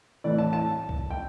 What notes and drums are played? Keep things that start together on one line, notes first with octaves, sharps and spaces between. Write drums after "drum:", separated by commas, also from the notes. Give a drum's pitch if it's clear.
A2 E3 D5
A5
A5
drum: kick C2
G5